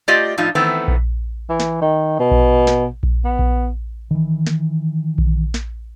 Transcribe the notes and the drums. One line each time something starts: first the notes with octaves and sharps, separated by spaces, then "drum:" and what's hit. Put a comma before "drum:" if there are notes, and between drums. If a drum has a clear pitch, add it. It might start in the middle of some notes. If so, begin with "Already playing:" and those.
A3 F4 G4 D5 D#5
A2 F3 D#4 F4
D#3 E3 A3 B3 C4
drum: kick A#1
E3
drum: snare
D#3
B2
drum: kick A#1
drum: snare
drum: kick A#1
B3
drum: kick A#1
D#3 E3
drum: snare
drum: kick A#1
drum: snare